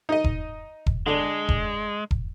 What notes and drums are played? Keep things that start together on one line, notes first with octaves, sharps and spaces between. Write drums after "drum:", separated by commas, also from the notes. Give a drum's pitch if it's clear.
D#4 D#5
drum: kick E1
drum: kick E1
D3 G#3 D4
drum: kick E1
drum: kick E1